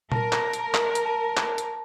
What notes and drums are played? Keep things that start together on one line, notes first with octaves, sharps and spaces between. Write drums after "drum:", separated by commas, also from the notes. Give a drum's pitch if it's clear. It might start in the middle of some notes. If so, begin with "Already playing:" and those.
A#4 A5, drum: tom A#2
drum: clap
drum: hi-hat
drum: clap
drum: hi-hat
A5
drum: clap
drum: hi-hat